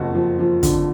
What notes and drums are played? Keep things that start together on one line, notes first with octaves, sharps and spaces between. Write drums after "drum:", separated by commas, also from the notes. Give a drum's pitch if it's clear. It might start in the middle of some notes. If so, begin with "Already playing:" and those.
Already playing: F#1 F2 F3 F#4
F3
F3
D3, drum: kick, hi-hat